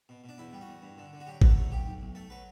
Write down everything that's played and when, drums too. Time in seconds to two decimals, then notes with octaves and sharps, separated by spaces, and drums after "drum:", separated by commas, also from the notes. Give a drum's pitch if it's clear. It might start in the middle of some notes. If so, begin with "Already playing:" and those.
0.09 B2
0.24 B2 D4
0.38 E2 E4
0.53 G3
0.61 F#4
0.69 E2
0.83 G2
0.98 D3
1.13 D3
1.20 F#4
1.27 F#3 G4
1.42 F#3 B4, drum: kick
1.49 A4
1.57 A3
1.72 B1 G4
1.86 B1
2.02 B1
2.15 A3 A4
2.30 F#3 B4